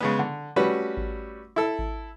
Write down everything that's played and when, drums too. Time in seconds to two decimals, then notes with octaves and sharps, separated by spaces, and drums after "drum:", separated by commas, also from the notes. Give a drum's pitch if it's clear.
0.01 C#3 G#3 B3
0.19 D3
0.56 G3 A3 C#4 F#4 B4
0.97 drum: kick G#1
1.56 E4 A4
1.79 drum: kick G#1